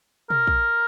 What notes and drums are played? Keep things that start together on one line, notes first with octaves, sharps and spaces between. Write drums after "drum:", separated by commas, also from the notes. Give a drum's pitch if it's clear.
A#4, drum: tom
drum: kick